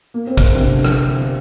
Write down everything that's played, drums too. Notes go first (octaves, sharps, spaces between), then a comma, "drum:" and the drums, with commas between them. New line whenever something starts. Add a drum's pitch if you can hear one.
A#3
C4
A#3, drum: kick, cymbal
C3
D3
drum: rim click